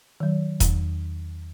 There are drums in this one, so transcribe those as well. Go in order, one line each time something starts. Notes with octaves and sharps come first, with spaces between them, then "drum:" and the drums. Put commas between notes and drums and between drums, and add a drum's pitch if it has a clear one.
D#3 F#3
E2, drum: kick E1, hi-hat